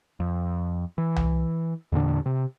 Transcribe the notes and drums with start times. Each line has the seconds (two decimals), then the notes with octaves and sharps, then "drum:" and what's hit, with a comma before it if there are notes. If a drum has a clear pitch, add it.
0.20 F2
0.98 E3
1.16 drum: tom C2
1.92 E2 A#2 D3 D4
2.26 C3